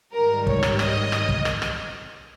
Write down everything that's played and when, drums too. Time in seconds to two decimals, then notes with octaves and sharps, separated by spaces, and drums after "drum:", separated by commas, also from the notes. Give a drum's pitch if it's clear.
0.12 G#2 D#3 G3 A#4
0.47 C#5, drum: kick
0.63 drum: rim click
0.79 D#5, drum: rim click
1.12 drum: rim click
1.29 drum: kick
1.45 drum: rim click
1.62 drum: rim click